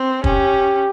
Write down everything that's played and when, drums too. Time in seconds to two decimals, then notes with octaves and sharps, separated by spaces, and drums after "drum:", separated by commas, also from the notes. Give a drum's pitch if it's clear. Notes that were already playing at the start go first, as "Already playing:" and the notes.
Already playing: C4
0.24 C#4 G4, drum: kick